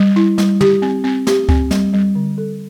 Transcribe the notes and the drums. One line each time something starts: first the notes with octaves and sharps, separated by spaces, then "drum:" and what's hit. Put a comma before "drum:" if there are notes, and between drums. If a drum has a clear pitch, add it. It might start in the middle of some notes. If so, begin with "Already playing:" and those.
Already playing: G3
E4
G3, drum: snare
G4, drum: tom
C4
C4
G4, drum: snare
C4, drum: kick C#2
G3, drum: snare
G3
D3
A4